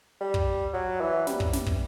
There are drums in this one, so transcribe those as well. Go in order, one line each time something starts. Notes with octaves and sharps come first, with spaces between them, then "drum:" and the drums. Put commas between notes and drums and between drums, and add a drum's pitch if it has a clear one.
G3
drum: kick
F#3
E3
G3, drum: snare
drum: kick
drum: snare
drum: kick